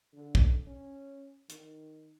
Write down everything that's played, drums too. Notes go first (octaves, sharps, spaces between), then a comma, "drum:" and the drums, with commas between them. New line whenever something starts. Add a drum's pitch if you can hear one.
D3
drum: kick
C#4
D#3, drum: hi-hat